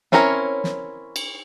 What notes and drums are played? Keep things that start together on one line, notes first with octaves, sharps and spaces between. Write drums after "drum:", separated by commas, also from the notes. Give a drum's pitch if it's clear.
C4 C#4 E4 A#4 C#5, drum: snare
drum: snare
drum: cymbal